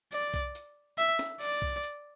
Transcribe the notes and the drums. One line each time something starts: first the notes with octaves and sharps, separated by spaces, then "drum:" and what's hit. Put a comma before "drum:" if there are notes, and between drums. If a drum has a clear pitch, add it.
D5, drum: hi-hat
drum: kick C2, hi-hat
drum: hi-hat
E5, drum: hi-hat
drum: snare
D5, drum: open hi-hat
drum: kick C2
drum: hi-hat